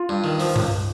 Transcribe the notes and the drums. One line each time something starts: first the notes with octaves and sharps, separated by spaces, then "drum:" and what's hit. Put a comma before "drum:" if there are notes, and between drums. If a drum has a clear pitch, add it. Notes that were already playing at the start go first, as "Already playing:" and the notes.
Already playing: F4
G2
D#3
F3, drum: open hi-hat
C#2, drum: tom G2